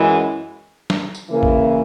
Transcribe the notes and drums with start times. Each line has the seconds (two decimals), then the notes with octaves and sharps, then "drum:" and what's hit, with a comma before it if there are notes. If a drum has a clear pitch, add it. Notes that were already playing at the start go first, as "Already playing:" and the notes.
Already playing: F#2 E3 G#3
0.90 drum: snare
1.15 drum: tambourine
1.30 C#3 E3 A#3
1.43 drum: kick A1